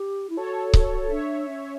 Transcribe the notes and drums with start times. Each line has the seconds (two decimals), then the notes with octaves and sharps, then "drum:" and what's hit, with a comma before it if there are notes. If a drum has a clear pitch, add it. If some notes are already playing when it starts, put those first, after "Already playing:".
Already playing: G4
0.29 E4
0.37 F#4 A4 C#5
0.73 drum: kick C#1
1.10 D4 C#5 E5
1.46 C#4